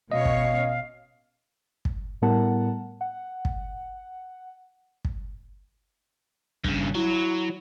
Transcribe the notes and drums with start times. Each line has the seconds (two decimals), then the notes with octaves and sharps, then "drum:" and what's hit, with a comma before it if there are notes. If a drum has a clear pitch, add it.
0.12 B2 C#4 C#5 D#5 F5
0.25 drum: kick
1.85 drum: kick
2.22 A2 G3 B3 A#4 F#5 A5
3.01 F#5
3.45 drum: kick
5.05 drum: kick
6.64 G2 C#3, drum: kick
6.95 F#3 E4